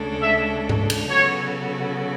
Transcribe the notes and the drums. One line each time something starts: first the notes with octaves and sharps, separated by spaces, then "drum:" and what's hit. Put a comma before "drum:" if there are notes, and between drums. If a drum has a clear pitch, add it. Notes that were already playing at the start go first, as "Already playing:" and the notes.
Already playing: D2 C#3 G#3 D4 A4
E5
drum: tom G#2
drum: cymbal
C#3 F#3 B3 F#4 A4 C#5